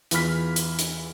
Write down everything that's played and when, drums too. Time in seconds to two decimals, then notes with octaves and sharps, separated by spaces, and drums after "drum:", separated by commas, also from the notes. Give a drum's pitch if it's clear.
0.11 E2 E3 F4 B5 F6 B6, drum: hi-hat
0.56 drum: hi-hat
0.79 drum: hi-hat